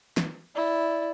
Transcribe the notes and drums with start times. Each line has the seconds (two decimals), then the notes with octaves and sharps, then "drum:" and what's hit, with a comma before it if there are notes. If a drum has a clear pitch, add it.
0.17 drum: snare
0.55 E4 D5